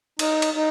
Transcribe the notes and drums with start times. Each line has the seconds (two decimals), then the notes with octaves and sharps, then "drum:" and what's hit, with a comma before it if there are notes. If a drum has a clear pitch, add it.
0.19 D#4, drum: cymbal
0.42 drum: cymbal
0.54 D#4